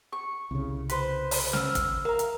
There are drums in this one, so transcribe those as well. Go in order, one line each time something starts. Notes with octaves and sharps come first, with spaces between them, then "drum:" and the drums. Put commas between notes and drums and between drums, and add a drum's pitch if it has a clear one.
C#6
C2 C#3
B4 C5, drum: hi-hat
drum: open hi-hat
E6 F6, drum: snare
drum: kick, hi-hat
A#4 F5 A#5
drum: hi-hat